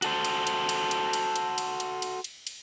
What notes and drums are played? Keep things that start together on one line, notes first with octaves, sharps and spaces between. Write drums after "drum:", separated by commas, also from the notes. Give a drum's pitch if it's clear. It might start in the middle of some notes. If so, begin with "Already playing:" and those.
F#4 A4 C5, drum: cymbal
drum: cymbal
drum: cymbal
drum: cymbal
drum: cymbal
drum: cymbal
drum: cymbal
drum: cymbal
drum: cymbal
drum: cymbal
drum: cymbal
drum: cymbal